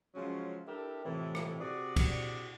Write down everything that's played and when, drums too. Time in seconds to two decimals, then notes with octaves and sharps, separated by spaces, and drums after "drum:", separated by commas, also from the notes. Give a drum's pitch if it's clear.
0.15 C#3 F3 F#3 G#3 C#4
0.66 G3 D4 E4 G4 A4 A#4
1.04 F2 A2 C3 E3
1.35 drum: rim click
1.60 C3 F#4 G#4 D5
1.96 drum: kick, cymbal